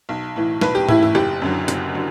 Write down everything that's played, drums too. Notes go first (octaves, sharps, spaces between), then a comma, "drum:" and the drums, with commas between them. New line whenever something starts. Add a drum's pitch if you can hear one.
B1
A2 E3
B1 B4, drum: snare
G4
A2 E3 E4, drum: tom G#2
E4
F#1 G4
F#2 D3 F#3
F#1, drum: hi-hat
D3 F#3